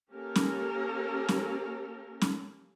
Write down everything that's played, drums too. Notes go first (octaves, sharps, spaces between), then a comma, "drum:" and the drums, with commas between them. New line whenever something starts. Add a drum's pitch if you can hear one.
A#3 C#4 G4 A4 A#4
drum: snare
drum: snare
drum: snare